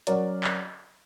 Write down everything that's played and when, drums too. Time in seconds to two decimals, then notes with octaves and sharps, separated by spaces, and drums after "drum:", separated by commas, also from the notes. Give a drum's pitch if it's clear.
0.07 F#3 C#4 F#4 A#4 D5, drum: hi-hat
0.44 drum: clap